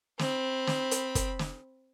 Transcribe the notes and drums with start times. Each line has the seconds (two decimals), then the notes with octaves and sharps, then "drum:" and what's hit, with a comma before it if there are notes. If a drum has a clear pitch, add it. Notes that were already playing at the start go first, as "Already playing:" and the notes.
0.19 C4 B5, drum: snare
0.67 drum: snare
0.91 drum: hi-hat
1.15 drum: kick, hi-hat
1.39 drum: snare